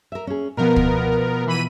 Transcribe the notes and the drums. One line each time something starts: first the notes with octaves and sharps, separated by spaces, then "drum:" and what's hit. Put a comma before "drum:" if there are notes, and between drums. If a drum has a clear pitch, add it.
A#4 E5
C#4 G#4
B2 F3 B3 A#4
drum: kick
E3 B5 D#7